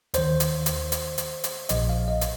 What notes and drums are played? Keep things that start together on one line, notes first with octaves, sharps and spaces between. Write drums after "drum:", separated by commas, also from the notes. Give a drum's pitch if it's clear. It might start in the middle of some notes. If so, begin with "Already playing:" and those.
D#2 D#3 C5, drum: hi-hat
drum: hi-hat
drum: hi-hat
drum: hi-hat
drum: hi-hat
drum: hi-hat
A#1 A#2 F3 D#5, drum: hi-hat
F5
D#5
drum: hi-hat